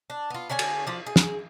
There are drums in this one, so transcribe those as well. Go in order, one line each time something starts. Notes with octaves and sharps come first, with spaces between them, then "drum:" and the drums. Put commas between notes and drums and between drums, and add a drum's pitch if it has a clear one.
D4
B3 F4
D3 C#4 G#4 G#5
drum: cymbal
F3 D5
G#4
drum: snare